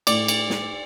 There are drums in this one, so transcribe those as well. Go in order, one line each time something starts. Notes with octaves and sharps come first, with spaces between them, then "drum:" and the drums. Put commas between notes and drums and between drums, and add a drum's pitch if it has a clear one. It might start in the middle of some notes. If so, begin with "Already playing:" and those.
A2 D5 D6, drum: cymbal
drum: cymbal
drum: snare